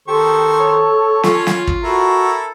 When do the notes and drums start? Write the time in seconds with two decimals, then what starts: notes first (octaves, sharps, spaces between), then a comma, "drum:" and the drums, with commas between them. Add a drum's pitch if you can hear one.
0.08 D#3 G4 A4 C5 C#6
0.59 C#5
1.23 C#4 F4 C#5, drum: snare
1.47 drum: snare
1.67 drum: kick
1.83 E4 F#4 A4 A#4